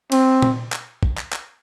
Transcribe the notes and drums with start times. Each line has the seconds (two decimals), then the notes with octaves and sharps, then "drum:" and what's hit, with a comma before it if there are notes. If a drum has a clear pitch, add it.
0.12 C4, drum: cymbal
0.42 drum: tom A#2
0.73 drum: clap
1.03 drum: kick
1.18 drum: clap
1.33 drum: clap